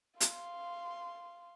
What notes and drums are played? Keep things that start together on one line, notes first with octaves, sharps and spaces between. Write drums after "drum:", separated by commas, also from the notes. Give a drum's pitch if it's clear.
F5 C6, drum: hi-hat